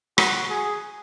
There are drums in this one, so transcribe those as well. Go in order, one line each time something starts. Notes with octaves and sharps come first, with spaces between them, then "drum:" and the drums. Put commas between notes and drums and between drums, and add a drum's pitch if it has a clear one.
F#4, drum: rim click
G#4